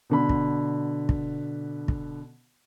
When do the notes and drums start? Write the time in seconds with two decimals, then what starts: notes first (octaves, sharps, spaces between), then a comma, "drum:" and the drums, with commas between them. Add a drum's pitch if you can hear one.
0.10 B2 D3 B5
0.29 drum: kick
1.09 drum: kick
1.88 drum: kick